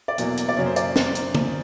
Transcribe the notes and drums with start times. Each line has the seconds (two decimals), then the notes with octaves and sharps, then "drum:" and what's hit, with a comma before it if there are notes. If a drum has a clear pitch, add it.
0.08 D5
0.18 E2 B2 F#3 A#3, drum: hi-hat
0.37 drum: hi-hat
0.49 D5
0.57 F#2 C#3 F#3 A#3 C#5
0.66 C5
0.76 D5, drum: hi-hat
0.96 drum: snare
1.15 drum: hi-hat
1.35 drum: tom